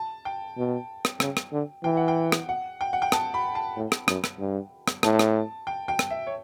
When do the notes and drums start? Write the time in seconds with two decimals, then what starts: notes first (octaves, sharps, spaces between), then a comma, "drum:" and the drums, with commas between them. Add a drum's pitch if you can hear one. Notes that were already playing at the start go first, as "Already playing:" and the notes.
Already playing: A5
0.25 G5
0.58 B2
1.05 drum: rim click
1.20 C#3, drum: rim click
1.37 drum: rim click
1.52 D3
1.84 E3 G5
1.97 F#5
2.08 G5
2.32 drum: rim click
2.49 F#5
2.81 G5
2.93 F#5
3.02 G5
3.12 A5, drum: rim click
3.34 B5
3.55 A5
3.76 A2
3.92 drum: rim click
4.08 F#2, drum: rim click
4.24 drum: rim click
4.40 G2
4.88 drum: rim click
5.03 A2 A5, drum: rim click
5.19 drum: rim click
5.67 G5
5.88 G5
5.99 drum: rim click
6.10 E5
6.27 C#5